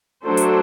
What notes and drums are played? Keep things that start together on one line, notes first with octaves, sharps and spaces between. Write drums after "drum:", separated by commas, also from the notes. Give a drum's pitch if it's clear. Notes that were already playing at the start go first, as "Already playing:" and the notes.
F#3 A3 D4 A4 C5
drum: hi-hat